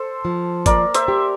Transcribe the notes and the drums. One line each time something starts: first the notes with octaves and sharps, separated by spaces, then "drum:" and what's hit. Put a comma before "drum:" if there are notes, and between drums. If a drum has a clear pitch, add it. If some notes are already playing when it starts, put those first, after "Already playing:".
Already playing: A4 C5
F3
A#3 A#4 D5, drum: kick, hi-hat
C5 E5, drum: hi-hat
G4